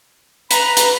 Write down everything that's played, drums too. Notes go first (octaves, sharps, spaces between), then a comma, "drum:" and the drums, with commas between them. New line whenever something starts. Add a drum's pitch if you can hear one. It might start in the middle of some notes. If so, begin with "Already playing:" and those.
B4 A#5 B5, drum: hi-hat
drum: hi-hat